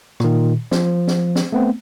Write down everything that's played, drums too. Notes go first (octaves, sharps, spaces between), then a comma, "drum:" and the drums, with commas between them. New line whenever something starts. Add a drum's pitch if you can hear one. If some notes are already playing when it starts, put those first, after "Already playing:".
A#2 D#3, drum: rim click
F3, drum: snare
drum: snare
drum: snare
A3 B3 C4